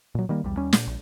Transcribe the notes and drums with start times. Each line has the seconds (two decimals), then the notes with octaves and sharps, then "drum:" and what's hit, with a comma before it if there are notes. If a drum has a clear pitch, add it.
0.15 A#2 F#3
0.29 D#3 G3 A#3
0.44 B1 E2 G3
0.57 D#2 G3 C#4
0.73 A#2, drum: snare
0.87 A#1